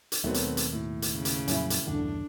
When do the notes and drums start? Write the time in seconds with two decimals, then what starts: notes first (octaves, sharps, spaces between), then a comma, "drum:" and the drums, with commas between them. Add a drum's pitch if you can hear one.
0.12 drum: hi-hat
0.24 D#2 B2 D#3 F#3 A3 B3 C4
0.34 drum: hi-hat
0.57 drum: hi-hat
0.72 A2
1.02 drum: hi-hat
1.11 C#3
1.25 drum: hi-hat
1.48 F2 A#2 F#3 C#4 E4, drum: hi-hat
1.70 drum: hi-hat
1.87 B1 E2 G2 D3 D4